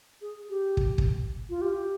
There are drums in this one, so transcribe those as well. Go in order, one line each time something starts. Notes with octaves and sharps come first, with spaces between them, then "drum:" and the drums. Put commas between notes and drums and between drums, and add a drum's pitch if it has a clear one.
G#4
G4
drum: kick
drum: kick
F4
G4